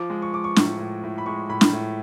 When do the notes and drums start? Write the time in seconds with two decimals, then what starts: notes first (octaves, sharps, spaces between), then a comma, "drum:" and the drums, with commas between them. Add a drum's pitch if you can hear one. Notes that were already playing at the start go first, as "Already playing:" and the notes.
Already playing: F3 D6
0.10 G#3
0.22 C#6
0.33 F3 D6
0.44 C#6
0.56 A2 C#6, drum: snare
0.79 A2
1.04 A2
1.18 B5
1.26 G#3 C#6
1.49 A2 B5
1.61 drum: snare
1.73 A2